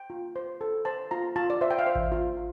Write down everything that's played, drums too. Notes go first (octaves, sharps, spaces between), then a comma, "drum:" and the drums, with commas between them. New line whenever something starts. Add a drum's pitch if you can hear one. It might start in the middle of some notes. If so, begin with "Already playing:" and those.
Already playing: G5
F4
C5
A4
C5 A5
F4 A#5
F4 A5
D5
C5 E5
G5
F5
C5 E5
drum: kick A1
F4
F4